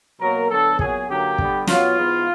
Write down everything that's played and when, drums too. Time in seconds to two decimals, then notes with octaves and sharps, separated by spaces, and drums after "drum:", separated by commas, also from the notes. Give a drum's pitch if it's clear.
0.21 B2 F#3 A#3 A#4
0.50 D3 F#3 B3 A4
0.79 A#2 F#3 B3 G#4, drum: kick
1.09 F#2 D3 F#3 A#3 G4
1.38 D3 G3 B3, drum: kick
1.67 B2 F#3 B3 F4, drum: snare
1.98 G#2 E3 G#3 B3